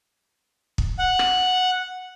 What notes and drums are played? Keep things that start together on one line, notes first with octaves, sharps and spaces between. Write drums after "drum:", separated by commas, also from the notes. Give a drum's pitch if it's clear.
drum: kick
F#5
drum: rim click